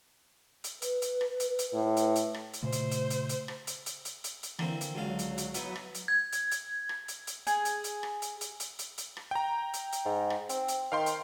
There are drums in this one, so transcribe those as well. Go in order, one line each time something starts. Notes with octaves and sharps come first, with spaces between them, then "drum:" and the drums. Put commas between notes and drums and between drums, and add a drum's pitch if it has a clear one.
drum: hi-hat
B4, drum: hi-hat
drum: hi-hat
drum: rim click
drum: hi-hat
drum: hi-hat
A2
drum: hi-hat
drum: hi-hat
drum: rim click
drum: hi-hat
A#2 C#3 A3 C5
drum: hi-hat
drum: hi-hat
drum: hi-hat
drum: hi-hat
drum: rim click
drum: hi-hat
drum: hi-hat
drum: hi-hat
drum: hi-hat
drum: hi-hat
D3 E3 A#3 C4, drum: rim click
drum: hi-hat
C#2 D3 F#3 F5
drum: hi-hat
drum: hi-hat
B3 D#4 E4, drum: hi-hat
drum: rim click
drum: hi-hat
G#6
drum: hi-hat
drum: hi-hat
drum: rim click
drum: hi-hat
drum: hi-hat
G#4, drum: hi-hat
drum: hi-hat
drum: hi-hat
drum: rim click
drum: hi-hat
drum: hi-hat
drum: hi-hat
drum: hi-hat
drum: hi-hat
drum: rim click
G5 A#5
drum: hi-hat
drum: hi-hat
G#2
drum: rim click
C4, drum: hi-hat
drum: hi-hat
D#3 F5 G5 C6
drum: hi-hat